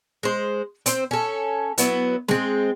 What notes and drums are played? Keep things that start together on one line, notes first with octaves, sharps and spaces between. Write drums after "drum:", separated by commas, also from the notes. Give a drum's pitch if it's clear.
G#3 C5
C4 C5, drum: hi-hat
C#4 A4
F#3 B3 E4, drum: hi-hat
G#3 C4, drum: snare